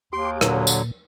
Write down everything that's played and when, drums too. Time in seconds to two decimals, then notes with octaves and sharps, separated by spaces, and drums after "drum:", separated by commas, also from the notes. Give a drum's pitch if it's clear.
0.13 D#2 G4 C6 D6
0.41 A#2 D3 F#3, drum: rim click
0.67 drum: tambourine